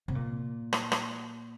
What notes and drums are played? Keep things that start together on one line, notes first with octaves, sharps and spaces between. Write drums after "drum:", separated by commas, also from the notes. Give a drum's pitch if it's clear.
C3
A#2
drum: rim click
drum: rim click